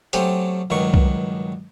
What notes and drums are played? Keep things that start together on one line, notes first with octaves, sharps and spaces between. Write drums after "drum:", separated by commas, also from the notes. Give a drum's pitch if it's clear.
F#3 A3 C4 C#4 G4 D#6, drum: hi-hat
C#2 G2 D#3 F#3 C#6
drum: kick